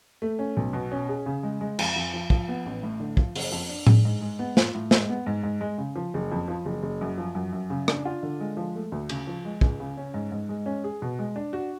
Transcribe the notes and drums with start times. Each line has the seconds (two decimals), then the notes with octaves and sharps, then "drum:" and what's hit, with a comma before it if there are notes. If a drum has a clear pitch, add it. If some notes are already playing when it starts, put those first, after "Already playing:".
0.22 A3
0.39 C#4
0.57 B1
0.73 B2
0.92 C#4
1.09 G#4
1.26 C#3
1.43 G#3
1.61 G#3
1.79 F2, drum: cymbal
1.96 F2
2.14 F3
2.30 F3, drum: kick
2.48 B3
2.66 A1
2.83 A2
3.00 D3
3.17 F3, drum: kick
3.35 F#1, drum: open hi-hat
3.52 F2
3.69 D4
3.87 G#4, drum: tom A2
4.05 G#2
4.21 G#3
4.39 B3
4.57 F4, drum: snare
4.75 A2
4.91 G#3, drum: snare
5.09 B3
5.26 G#2
5.43 G#2
5.61 G#3
5.78 C#3
5.96 F3
6.14 F#1
6.32 F2
6.48 F3
6.65 F#1
6.83 F#1
7.01 F#2
7.18 F3
7.35 F#2
7.53 F#2
7.70 C#3
7.88 D4, drum: rim click
8.05 F4
8.23 D3
8.40 G#3
8.57 F3
8.75 A3
8.92 D2
9.09 C#3, drum: cymbal
9.27 F3
9.45 G#3
9.61 C#2, drum: kick
9.80 C#3
9.97 C#4
10.14 G#2
10.32 G#2
10.49 G#3
10.66 C#4
10.84 G#4
11.02 B2
11.19 G#3
11.36 D4
11.53 F#4